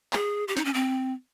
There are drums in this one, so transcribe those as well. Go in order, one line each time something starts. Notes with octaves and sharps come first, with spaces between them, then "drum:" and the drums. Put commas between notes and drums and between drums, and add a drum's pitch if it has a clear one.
G#4, drum: clap
G4
D#4, drum: snare
C#4
C4